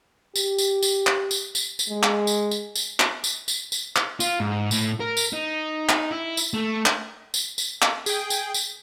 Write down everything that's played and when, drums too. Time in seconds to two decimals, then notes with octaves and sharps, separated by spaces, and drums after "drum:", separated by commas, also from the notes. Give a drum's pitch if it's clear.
0.36 G4, drum: tambourine
0.58 drum: tambourine
0.83 drum: tambourine
1.07 drum: clap
1.31 drum: tambourine
1.55 drum: tambourine
1.79 drum: tambourine
1.89 G#3
2.03 drum: clap
2.27 drum: tambourine
2.51 drum: tambourine
2.76 drum: tambourine
3.00 drum: clap
3.24 drum: tambourine
3.48 drum: tambourine
3.72 drum: tambourine
3.96 drum: clap
4.20 F4, drum: tambourine
4.40 G#2
4.71 A2, drum: tambourine
5.00 A#4
5.17 drum: tambourine
5.33 D#4
5.89 drum: clap
6.11 E4
6.37 drum: tambourine
6.54 A3
6.86 drum: clap
7.34 drum: tambourine
7.58 drum: tambourine
7.82 drum: clap
8.06 G#4 G5, drum: tambourine
8.30 drum: tambourine
8.54 drum: tambourine